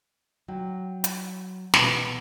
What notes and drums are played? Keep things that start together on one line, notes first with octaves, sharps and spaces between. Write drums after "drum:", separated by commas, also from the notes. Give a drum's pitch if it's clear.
F#3 G5
drum: hi-hat
B2 E3 B3, drum: snare